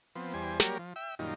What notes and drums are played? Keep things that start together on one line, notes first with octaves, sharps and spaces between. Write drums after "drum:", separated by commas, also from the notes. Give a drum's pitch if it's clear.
F3 B3 C4
E2 G3 C5 G#5
F#3 G3 A#3 G4 A#4 C#5, drum: snare
F3
E5 G5 E6
F#2 A#2 D#3 G3 D#4 F4